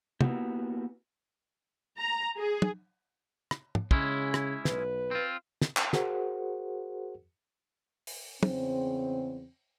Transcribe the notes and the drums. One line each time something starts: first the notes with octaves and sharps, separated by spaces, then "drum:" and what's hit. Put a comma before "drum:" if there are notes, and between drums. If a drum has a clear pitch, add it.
A#3 B3 E4 F#4 G4, drum: tom
A#5
G#4
drum: tom
drum: rim click
drum: tom
C#3 G#3 C#4 E4, drum: kick
drum: rim click
B1 B4, drum: snare
C4 F4
drum: snare
drum: clap
F#4 G#4 A#4 C5 F#5, drum: snare
drum: open hi-hat
E2 C#3 C4, drum: tom